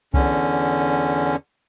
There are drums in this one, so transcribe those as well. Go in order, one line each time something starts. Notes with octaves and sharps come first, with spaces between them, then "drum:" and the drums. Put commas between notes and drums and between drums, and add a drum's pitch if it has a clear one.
E2 D3 C#4, drum: kick C2